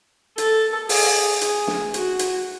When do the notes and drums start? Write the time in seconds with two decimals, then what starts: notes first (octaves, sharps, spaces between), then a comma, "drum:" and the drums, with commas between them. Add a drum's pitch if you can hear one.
0.38 A4, drum: hi-hat
0.89 G#4, drum: open hi-hat
1.41 G#4, drum: hi-hat
1.67 drum: snare
1.94 F#4, drum: hi-hat
2.19 drum: hi-hat